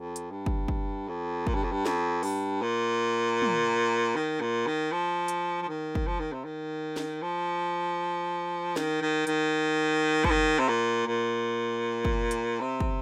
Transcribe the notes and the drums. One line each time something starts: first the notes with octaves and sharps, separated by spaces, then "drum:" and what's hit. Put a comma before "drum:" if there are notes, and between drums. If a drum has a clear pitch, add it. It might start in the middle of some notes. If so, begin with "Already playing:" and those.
Already playing: F2
drum: hi-hat
G2
drum: kick
drum: kick
F2
A#2, drum: kick
G2
F2
G2
F2, drum: snare
G2, drum: open hi-hat
A#2
drum: tom
D#3
A#2
D#3
F3
drum: hi-hat
F3
D#3
drum: kick
F3
D#3
C3
D#3
drum: snare
F3
D#3, drum: snare
D#3
D#3, drum: hi-hat
F3, drum: kick
D#3
C3
A#2
A#2
drum: kick
drum: hi-hat
C3
drum: kick